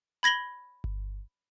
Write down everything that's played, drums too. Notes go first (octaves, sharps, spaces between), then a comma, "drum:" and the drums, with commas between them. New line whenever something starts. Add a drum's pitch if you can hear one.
B5 G#6 A#6 F#7 G7
drum: kick G1